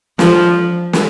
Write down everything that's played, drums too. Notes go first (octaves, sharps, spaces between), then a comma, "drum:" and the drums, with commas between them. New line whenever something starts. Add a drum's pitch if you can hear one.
F3, drum: snare
drum: snare